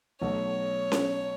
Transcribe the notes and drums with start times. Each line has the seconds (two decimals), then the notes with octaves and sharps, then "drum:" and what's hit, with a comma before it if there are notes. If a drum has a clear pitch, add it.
0.21 B1 B2 A3 C#5
0.92 drum: snare C#4